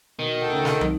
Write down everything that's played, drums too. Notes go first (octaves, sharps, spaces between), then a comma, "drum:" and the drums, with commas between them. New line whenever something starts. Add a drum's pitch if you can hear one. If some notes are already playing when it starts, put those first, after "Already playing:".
B2 D#3
D2 A4 F#5 G5
C#3
drum: snare
C2 D#4, drum: tom